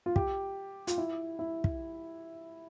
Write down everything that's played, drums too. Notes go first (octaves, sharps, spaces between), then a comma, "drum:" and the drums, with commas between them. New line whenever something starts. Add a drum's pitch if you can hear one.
F4
G4, drum: kick
F4, drum: hi-hat
E4
E4
drum: kick